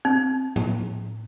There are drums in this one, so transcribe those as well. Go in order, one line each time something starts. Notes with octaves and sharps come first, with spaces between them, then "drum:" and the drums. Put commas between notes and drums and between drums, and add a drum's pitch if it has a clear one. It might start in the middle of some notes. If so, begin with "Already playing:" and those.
C4
drum: tom A2